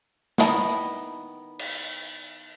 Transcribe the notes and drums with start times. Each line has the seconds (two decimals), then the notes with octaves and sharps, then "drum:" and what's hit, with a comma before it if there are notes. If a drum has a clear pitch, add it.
0.38 D#3 B3 E4 D#5 A5, drum: snare
0.69 drum: hi-hat
1.59 drum: cymbal